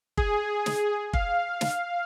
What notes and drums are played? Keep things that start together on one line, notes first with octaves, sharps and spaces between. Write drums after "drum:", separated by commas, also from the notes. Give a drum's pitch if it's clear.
G#4, drum: kick
drum: snare
F5, drum: kick
drum: snare